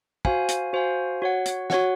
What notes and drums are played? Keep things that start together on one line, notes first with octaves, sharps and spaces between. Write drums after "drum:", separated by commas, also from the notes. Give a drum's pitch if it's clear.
F#4 C5 F5 G#5, drum: kick
drum: hi-hat
F#4 C5 F5 G#5
F#4 C#5 F#5
drum: hi-hat
F#4 C#5 F#5, drum: snare